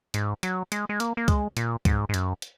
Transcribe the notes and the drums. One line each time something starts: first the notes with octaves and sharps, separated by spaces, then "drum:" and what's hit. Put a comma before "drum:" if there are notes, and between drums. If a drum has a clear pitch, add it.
G#2, drum: hi-hat
F#3, drum: hi-hat
G#3, drum: hi-hat
G#3
A#3, drum: hi-hat
A#3
G#3, drum: kick, hi-hat
A#2, drum: hi-hat
G#2, drum: kick, hi-hat
G#2
F#2, drum: hi-hat
drum: hi-hat